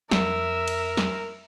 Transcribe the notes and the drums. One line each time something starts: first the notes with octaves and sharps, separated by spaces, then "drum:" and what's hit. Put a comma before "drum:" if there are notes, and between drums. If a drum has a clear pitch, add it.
F2 A#4 E5, drum: snare
drum: cymbal
drum: snare